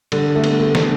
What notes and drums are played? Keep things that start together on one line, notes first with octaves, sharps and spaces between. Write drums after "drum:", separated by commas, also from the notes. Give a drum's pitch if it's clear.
D3 G3, drum: cymbal
A3
B3, drum: cymbal
A3
D4, drum: snare